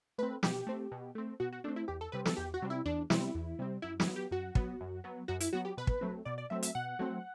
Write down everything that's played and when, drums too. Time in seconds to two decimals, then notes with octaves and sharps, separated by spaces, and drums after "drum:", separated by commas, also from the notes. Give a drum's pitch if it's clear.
0.18 A3 C4 B4
0.43 B2 G4, drum: snare
0.67 A3 C4
0.92 B2
1.15 A3 C4
1.40 B2 F#4
1.53 F#4
1.64 A3 C4 D4
1.76 E4
1.88 E2 G4
2.01 A4
2.12 C3 G3 C4 B4
2.25 A4, drum: snare
2.37 E2 G4
2.54 F#4
2.62 C3 G3 C4
2.70 E4
2.85 E2 D4
3.10 C3 G3 C4 E4, drum: snare
3.35 E2
3.59 C3 G3 C4
3.82 F#2 E4
4.00 E4, drum: snare
4.07 F#3 B3
4.16 G4
4.31 F#2 F#4
4.55 F#3 B3, drum: kick
4.81 F#2
5.04 F#3 B3
5.28 F#2 F#4
5.40 E4, drum: hi-hat
5.53 F#3 B3 F#4
5.65 G4
5.77 B2 B4
5.87 drum: kick
6.01 F#3 A3 C4
6.25 B2 D5
6.38 D5
6.50 F#3 A3 C4 E5
6.63 E5, drum: hi-hat
6.75 B2 F#5
6.99 F#3 A3 C4